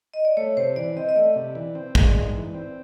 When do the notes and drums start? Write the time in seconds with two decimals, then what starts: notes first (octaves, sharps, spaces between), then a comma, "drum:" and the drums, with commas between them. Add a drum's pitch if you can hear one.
0.14 D#5
0.25 D5
0.37 A3 C#5
0.57 C3 C5
0.76 E3 D5
0.97 C4 D#5
1.09 D#5
1.16 A3 D5
1.36 C3
1.55 E3
1.75 C4
1.95 G#3, drum: kick
2.15 G#2
2.34 E3
2.54 C4